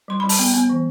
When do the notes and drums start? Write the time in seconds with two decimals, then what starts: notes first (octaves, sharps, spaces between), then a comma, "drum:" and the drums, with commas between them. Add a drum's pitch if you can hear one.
0.08 G3 C6
0.20 G3 B5
0.29 A5, drum: open hi-hat
0.39 B3 G5
0.54 B3
0.69 E3